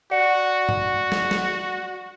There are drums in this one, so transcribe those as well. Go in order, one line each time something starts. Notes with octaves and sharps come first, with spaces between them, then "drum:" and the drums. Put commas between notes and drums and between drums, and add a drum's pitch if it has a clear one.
F#4 D5 F#5 C#7
drum: tom G2
drum: snare
drum: snare